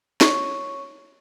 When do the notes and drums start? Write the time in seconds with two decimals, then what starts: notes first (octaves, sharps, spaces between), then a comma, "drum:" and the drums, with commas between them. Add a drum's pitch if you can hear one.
0.21 C#5 C#6, drum: snare